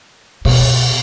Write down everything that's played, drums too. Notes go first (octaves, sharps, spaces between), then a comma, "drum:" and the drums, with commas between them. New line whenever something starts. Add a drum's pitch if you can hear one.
B2, drum: cymbal